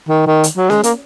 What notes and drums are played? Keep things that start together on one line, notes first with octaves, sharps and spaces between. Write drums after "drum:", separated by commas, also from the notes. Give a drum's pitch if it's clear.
D#3
D#3
drum: hi-hat
F#3
G#3, drum: snare C#4
A#3, drum: hi-hat